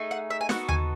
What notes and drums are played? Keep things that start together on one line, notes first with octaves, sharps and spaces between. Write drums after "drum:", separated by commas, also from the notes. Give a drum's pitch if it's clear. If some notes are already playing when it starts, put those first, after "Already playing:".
Already playing: A3 D#4 G#4
F#5
E5
G#5
B3 D#4 F#4 A4 F#5, drum: snare
G#5, drum: tom D#2